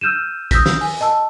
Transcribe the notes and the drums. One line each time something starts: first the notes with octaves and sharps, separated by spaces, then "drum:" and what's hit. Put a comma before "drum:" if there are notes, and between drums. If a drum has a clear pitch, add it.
E6 F6 G6 D#7 E7
D#6 E6 G6 A#6 B6, drum: kick, hi-hat
drum: snare
G#5, drum: open hi-hat
D#5 A5 E6, drum: hi-hat